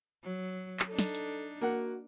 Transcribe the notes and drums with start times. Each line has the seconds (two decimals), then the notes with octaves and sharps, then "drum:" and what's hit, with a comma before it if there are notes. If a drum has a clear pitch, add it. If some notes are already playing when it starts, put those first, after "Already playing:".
0.24 F#3
0.80 drum: clap
0.89 D4 D#4 A4
0.99 drum: snare
1.15 drum: hi-hat
1.61 A#3 F#4 F#5